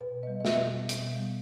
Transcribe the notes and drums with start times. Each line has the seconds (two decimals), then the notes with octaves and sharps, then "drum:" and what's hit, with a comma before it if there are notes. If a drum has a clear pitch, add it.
0.01 B2 B4
0.23 G3 B3 D#5
0.40 D#5
0.45 B2 E5, drum: snare
0.68 G3 B3
0.89 B2, drum: hi-hat
1.11 G3 B3